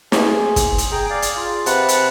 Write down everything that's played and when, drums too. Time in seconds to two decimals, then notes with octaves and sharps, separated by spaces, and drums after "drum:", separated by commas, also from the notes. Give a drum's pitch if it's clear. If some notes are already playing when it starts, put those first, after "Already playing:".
0.12 G#4 C5, drum: snare
0.56 drum: kick, hi-hat
0.78 drum: hi-hat
0.92 G#4 G5 A#5
1.10 D5 F5
1.22 drum: hi-hat
1.37 F4
1.66 C3 B4 F#5 A5, drum: hi-hat
1.88 drum: hi-hat